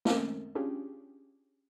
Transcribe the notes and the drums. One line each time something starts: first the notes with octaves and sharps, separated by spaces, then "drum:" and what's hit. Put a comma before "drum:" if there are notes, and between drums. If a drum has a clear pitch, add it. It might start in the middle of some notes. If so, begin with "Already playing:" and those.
A3 A#3 C4 C#4 A#4, drum: snare
C#4 D4 F4 G4 G#4